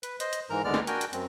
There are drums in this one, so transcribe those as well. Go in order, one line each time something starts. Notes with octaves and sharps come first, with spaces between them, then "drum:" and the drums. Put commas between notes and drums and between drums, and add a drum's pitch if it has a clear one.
B4, drum: hi-hat
C5 D#5, drum: hi-hat
drum: hi-hat
G#2 E3 A#4 A#5
D#2 D3 G#3 B3 D5 F6
drum: snare
D4 F#4 A#4 G5 G#5, drum: hi-hat
drum: hi-hat
F#2 C4, drum: hi-hat